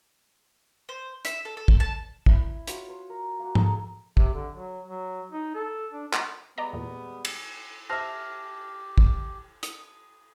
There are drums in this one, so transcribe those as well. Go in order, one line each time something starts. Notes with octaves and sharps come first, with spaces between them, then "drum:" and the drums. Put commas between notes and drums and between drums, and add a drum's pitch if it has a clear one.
C5
E5, drum: hi-hat
A4
A4
drum: kick
A5
E4, drum: kick
F4 F#4 C#5, drum: hi-hat
C5 C#5
A#4
A#3 F#4
G#4 A4 A#5 B5, drum: tom G#2
C3, drum: kick
D3
F#3
F#3
D#4
A4
D4
drum: clap
G3 G#3 B3 D5 D#5 A#5
E2 A#2
drum: cymbal
G4 C5 E5 A5 F6 A#6
drum: kick
D#6, drum: hi-hat